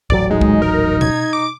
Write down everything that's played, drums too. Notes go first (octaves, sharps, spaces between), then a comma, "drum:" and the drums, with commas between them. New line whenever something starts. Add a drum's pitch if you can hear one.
D#1 A1 F#3 D5, drum: kick
G#3 D#4
drum: kick
A#4
G#6, drum: tom B2
D6